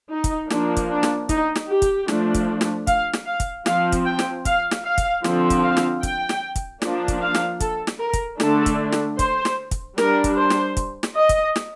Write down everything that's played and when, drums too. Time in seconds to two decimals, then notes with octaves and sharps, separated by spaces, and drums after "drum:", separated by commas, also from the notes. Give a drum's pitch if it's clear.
0.11 D#4
0.24 drum: kick, hi-hat
0.50 F3 A#3 D4, drum: snare
0.77 drum: kick, hi-hat
0.89 D4
1.03 drum: snare
1.29 D#4, drum: kick, hi-hat
1.55 drum: snare
1.69 G4
1.82 drum: kick, hi-hat
2.08 F3 A3 D4, drum: snare
2.34 drum: kick, hi-hat
2.61 drum: snare
2.87 F5, drum: kick, hi-hat
3.13 drum: snare
3.26 F5
3.40 drum: kick, hi-hat
3.66 F3 C4 F5, drum: snare
3.92 drum: kick, hi-hat
4.05 G5
4.19 drum: snare
4.45 F5, drum: kick, hi-hat
4.71 drum: snare
4.85 F5
4.98 drum: kick, hi-hat
5.24 D3 F3 C4, drum: snare
5.50 drum: kick, hi-hat
5.63 F5
5.77 drum: snare
6.03 G5, drum: kick, hi-hat
6.29 drum: snare
6.56 drum: kick, hi-hat
6.82 F3 A#3 D4, drum: snare
7.08 drum: kick, hi-hat
7.21 F5
7.34 drum: snare
7.60 A4, drum: kick, hi-hat
7.87 drum: snare
8.00 A#4
8.13 drum: kick, hi-hat
8.40 D3 A3 D4 A4, drum: snare
8.66 drum: kick, hi-hat
8.92 drum: snare
9.19 C5, drum: kick, hi-hat
9.45 drum: snare
9.71 drum: kick, hi-hat
9.98 G3 D4 A#4, drum: snare
10.24 drum: kick, hi-hat
10.37 C5
10.50 drum: snare
10.77 drum: kick, hi-hat
11.03 drum: snare
11.16 D#5
11.29 drum: kick, hi-hat
11.56 drum: snare